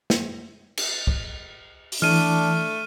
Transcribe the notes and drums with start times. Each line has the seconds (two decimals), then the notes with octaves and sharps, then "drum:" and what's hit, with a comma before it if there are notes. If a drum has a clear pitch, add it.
0.10 drum: snare
0.77 drum: cymbal
1.07 drum: kick
1.92 drum: open hi-hat
2.02 E3 A3 D4 F6 D#7